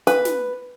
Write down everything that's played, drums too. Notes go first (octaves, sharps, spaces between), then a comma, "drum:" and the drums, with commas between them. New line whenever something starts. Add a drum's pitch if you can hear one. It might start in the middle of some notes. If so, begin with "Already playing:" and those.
B4, drum: snare
drum: snare